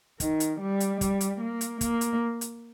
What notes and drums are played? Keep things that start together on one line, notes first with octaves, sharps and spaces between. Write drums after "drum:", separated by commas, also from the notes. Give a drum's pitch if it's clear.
D#3, drum: kick, hi-hat
drum: hi-hat
G3
drum: hi-hat
G3, drum: kick, hi-hat
drum: hi-hat
A#3
drum: hi-hat
A#3, drum: kick, hi-hat
drum: hi-hat
drum: hi-hat